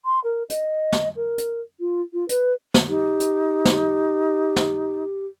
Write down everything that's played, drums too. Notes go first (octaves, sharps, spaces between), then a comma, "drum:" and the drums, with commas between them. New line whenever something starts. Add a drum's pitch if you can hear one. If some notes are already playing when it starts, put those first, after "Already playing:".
C6
A#4
D#5, drum: hi-hat
drum: snare
A#4
drum: hi-hat
F4
F4
B4, drum: hi-hat
drum: snare
D#4 G4
drum: hi-hat
drum: snare
drum: snare